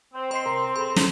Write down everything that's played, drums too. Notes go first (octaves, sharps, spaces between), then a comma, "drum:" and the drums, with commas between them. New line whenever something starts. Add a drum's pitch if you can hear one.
C4
C5 D#5 C6 C7
C2 A#4 A#5
G#4 A4 B5 C6
drum: snare